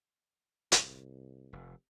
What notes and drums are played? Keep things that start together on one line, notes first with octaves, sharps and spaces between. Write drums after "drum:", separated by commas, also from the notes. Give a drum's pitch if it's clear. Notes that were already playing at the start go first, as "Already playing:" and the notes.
C2, drum: hi-hat
F1